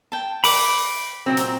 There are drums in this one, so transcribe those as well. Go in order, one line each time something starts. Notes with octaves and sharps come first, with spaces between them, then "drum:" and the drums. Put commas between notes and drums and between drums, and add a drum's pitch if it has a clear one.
G5 A5
B5 D6, drum: open hi-hat
A#2 F#3 C4
drum: hi-hat